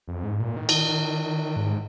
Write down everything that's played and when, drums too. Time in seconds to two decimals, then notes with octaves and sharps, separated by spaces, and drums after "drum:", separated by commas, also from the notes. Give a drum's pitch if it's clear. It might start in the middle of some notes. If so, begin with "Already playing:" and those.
0.08 F2
0.24 G#2
0.40 A#2
0.57 D#3
0.69 drum: cymbal
1.56 G#2